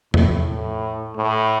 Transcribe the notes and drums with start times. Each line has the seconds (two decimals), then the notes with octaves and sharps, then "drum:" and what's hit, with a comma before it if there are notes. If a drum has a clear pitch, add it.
0.14 A2, drum: tom E2
0.49 A2
1.17 A2